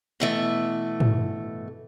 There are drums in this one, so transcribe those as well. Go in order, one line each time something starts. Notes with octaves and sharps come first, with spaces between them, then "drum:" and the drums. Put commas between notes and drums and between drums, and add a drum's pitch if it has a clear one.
B2 E3 A3
drum: tom